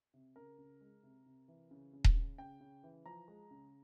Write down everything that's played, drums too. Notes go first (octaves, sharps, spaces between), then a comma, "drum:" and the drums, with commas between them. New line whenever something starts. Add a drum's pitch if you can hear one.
C3
C#3 A#4
C#3
G#3
C3
C3
E3
C#3
C#3
drum: kick D#1
C#3
C#3 G5
C#3
E3
F3 A#5
G#3
C#3